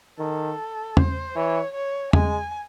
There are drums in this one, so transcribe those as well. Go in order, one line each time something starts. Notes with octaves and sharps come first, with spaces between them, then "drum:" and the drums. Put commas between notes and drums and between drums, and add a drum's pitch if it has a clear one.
D#3 A4
C5, drum: tom E2
E3 C#5
C#5
G#3 G#5, drum: tom E2